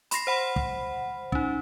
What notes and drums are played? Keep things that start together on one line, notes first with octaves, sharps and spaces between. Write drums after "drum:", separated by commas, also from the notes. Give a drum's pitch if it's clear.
B5 C6 A#6 C7, drum: hi-hat
C5 F#5 B5
drum: kick
C#4 D#4, drum: kick